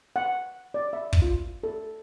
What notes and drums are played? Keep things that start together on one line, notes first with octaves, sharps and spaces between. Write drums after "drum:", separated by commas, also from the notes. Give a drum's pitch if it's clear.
F#5
D5
E5
drum: kick
F4
A4